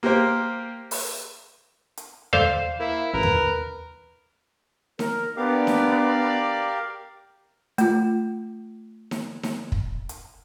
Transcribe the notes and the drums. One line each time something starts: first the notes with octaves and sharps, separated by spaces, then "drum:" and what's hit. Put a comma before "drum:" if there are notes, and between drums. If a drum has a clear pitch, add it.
A#3 G4 A#4 C5
drum: open hi-hat
drum: hi-hat
A4 C5 D5 E5 F5, drum: tom D#2
A#3 E4
A1 A#4 B4
drum: tom D#2
A#4, drum: snare D#4
B3 D4 G4 A#4 D5 F5
drum: snare D#4
A3 F4, drum: hi-hat
drum: snare D#4
drum: snare D#4
drum: kick
drum: hi-hat